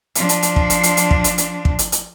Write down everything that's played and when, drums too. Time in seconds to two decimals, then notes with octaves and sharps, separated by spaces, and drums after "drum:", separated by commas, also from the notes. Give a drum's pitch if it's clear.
0.15 F3 D4, drum: hi-hat
0.29 drum: hi-hat
0.43 drum: hi-hat
0.56 drum: kick
0.70 drum: hi-hat
0.83 drum: hi-hat
0.97 drum: hi-hat
1.11 drum: kick
1.24 drum: hi-hat
1.38 drum: hi-hat
1.65 drum: kick
1.79 drum: hi-hat
1.92 drum: hi-hat